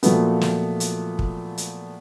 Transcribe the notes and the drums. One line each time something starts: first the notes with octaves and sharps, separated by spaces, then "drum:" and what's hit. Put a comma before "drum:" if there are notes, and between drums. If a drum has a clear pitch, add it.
A#2 F3 F#3 A3 B3, drum: hi-hat
drum: snare
drum: hi-hat
drum: kick
drum: hi-hat